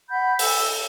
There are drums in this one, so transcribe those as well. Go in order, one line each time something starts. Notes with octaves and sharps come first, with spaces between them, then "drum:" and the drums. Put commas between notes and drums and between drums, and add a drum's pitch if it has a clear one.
F#5 B5 G6
A4 E6, drum: open hi-hat